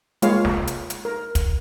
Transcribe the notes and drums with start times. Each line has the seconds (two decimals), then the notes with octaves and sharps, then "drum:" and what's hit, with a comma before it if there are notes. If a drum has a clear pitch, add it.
0.22 G#3 A#3 F4 C#5 F5, drum: hi-hat
0.45 drum: snare
0.67 drum: hi-hat
0.90 drum: hi-hat
1.05 A#4
1.35 drum: kick, hi-hat